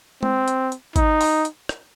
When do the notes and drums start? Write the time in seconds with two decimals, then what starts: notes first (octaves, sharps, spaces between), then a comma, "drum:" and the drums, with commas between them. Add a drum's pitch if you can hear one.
0.23 C4, drum: tom G#3
0.48 drum: hi-hat
0.72 drum: hi-hat
0.96 D#4, drum: kick G#1, hi-hat
1.21 drum: open hi-hat
1.45 drum: hi-hat
1.69 drum: rim click